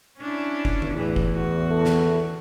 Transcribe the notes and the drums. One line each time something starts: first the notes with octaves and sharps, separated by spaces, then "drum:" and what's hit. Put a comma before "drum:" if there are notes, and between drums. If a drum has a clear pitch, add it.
C#4 D4 E4
drum: kick F#1
drum: tom D#3
E2 A2 E3
drum: kick F#1
F#4
E4 A4
drum: snare